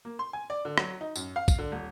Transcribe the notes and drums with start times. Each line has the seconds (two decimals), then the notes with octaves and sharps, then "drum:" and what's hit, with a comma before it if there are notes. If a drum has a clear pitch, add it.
0.05 A#3
0.19 C6
0.33 G#5
0.50 D5
0.65 D3
0.78 F#3, drum: rim click
1.01 D#4
1.16 F#2, drum: tambourine
1.36 F5
1.48 drum: kick, tambourine
1.59 D3
1.72 D#1